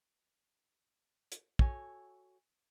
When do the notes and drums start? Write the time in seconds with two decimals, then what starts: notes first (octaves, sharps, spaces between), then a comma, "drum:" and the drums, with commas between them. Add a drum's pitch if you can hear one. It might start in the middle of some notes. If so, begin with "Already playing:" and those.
1.32 drum: hi-hat
1.59 F#4 A4 C#5 G#5, drum: kick